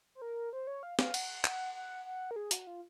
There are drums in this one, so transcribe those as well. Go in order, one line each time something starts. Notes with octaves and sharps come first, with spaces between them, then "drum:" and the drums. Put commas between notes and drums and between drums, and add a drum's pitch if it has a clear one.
C5
A#4
C5
C#5
F5
F5, drum: snare
F#5, drum: cymbal
F#5, drum: clap
F#5
F#5
A#4
G#4
F#4, drum: hi-hat
F4